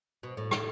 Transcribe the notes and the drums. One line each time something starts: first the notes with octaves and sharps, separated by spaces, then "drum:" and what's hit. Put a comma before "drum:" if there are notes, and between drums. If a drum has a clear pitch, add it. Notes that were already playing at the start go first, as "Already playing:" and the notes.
B2
A2
drum: rim click